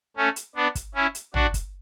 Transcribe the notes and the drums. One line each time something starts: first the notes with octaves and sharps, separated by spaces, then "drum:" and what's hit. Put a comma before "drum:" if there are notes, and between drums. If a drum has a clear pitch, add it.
A3 C#4
drum: hi-hat
B3 D4
drum: kick, hi-hat
C#4 E4
drum: hi-hat
D4 F#4, drum: tom
drum: kick, hi-hat